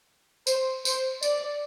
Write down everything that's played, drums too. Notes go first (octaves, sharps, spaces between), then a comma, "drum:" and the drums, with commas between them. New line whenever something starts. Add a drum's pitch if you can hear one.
C5, drum: tambourine
C5, drum: tambourine
D5, drum: tambourine